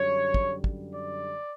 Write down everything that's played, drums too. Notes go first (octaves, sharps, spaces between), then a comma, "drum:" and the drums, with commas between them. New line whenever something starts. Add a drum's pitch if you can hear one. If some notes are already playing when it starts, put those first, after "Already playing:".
Already playing: F#2 D3 G3 C#5
drum: kick
drum: kick
D5